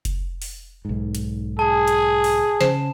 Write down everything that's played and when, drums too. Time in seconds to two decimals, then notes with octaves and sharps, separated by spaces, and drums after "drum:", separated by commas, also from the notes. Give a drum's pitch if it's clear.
0.05 drum: kick F1, hi-hat
0.42 drum: open hi-hat
0.85 B1 G#2
1.15 drum: hi-hat
1.59 G#4 A5
1.88 drum: hi-hat
2.24 drum: open hi-hat
2.61 C#3 C5 E7, drum: snare